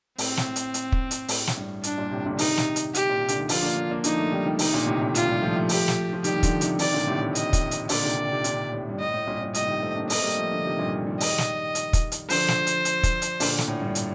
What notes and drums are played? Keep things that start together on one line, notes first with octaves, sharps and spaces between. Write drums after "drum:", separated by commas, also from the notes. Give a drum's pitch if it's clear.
A2 C4, drum: open hi-hat
drum: snare
drum: hi-hat
drum: hi-hat
drum: kick
drum: hi-hat
A2, drum: open hi-hat
drum: snare
G2
D4, drum: hi-hat
G2 A#2
A2 C3
A#2 D3
C3 D#3 D#4, drum: open hi-hat
drum: snare
drum: hi-hat
G4, drum: hi-hat
A#2
C3
D3, drum: hi-hat
D#3
D3 F3 F4, drum: open hi-hat
A#3 D4
A#3 D4
A#3 D4
D3 F3 D#4, drum: hi-hat
F3 A3
D#3 G3
D#3 G3
C3 D#3 D#4, drum: open hi-hat
A#2 D3
A2 C3
A#2 D3
F4, drum: hi-hat
D#3 G3
F3 A3
F3 A3
G4, drum: open hi-hat
drum: snare
F3
D#3 G3 G4, drum: hi-hat
D#3
D3 F3, drum: kick, hi-hat
C3 D#3, drum: hi-hat
C3 D#3 D5, drum: open hi-hat
A#2 D3
A2 C3
A2 C3
D#5, drum: hi-hat
drum: kick, hi-hat
drum: hi-hat
A#2 D3 D5, drum: open hi-hat
C3 D#3
C3 D#3
C3 D#3
A#2 D3, drum: hi-hat
A2 C3
G2
A2 D#5
A2
G2 A#2
G2 A#2
A2 C3 D#5, drum: hi-hat
C3 D#3
A3 C4
A#3 D4
D4
A3 C4 D#5, drum: open hi-hat
G3 A#3
F3 A3
D3 F3
C3 D#3
G2 A#2
D#3 G3
D#5, drum: open hi-hat
drum: snare
drum: hi-hat
drum: kick, hi-hat
drum: hi-hat
D3 F3 C5, drum: open hi-hat
drum: snare
drum: hi-hat
drum: hi-hat
drum: kick, hi-hat
drum: hi-hat
A#2 D3, drum: open hi-hat
drum: snare
A2
G2
drum: hi-hat